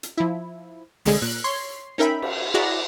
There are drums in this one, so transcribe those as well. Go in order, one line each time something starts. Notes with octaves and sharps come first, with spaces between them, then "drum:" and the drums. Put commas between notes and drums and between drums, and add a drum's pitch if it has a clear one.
drum: hi-hat
F3 E4
C2 D3 G#3 G#4, drum: open hi-hat
A#2 F#6
C#5 C6 C7
C#4 D#4 A#4 E5 G5 B5
drum: cymbal
E4 F#4 G#4 D5 F#5 A#5